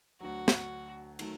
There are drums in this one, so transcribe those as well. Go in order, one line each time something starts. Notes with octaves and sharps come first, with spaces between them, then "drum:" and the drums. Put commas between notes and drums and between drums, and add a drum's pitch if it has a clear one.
D2 D3 F#3 F#4
drum: snare
D#3 F#3 A3, drum: cymbal